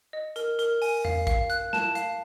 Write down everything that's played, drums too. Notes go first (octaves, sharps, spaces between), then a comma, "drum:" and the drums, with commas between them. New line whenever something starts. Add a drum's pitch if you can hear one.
D#5
A#4, drum: hi-hat
A#4, drum: hi-hat
G#5, drum: open hi-hat
F5, drum: tom E2
F5, drum: kick, hi-hat
F#6, drum: hi-hat
A5, drum: snare
F5, drum: hi-hat